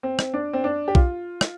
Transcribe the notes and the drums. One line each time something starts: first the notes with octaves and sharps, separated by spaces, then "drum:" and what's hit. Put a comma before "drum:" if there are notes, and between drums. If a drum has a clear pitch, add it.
C4
drum: rim click
D4
C4
D4
G4
F4, drum: kick B1
drum: rim click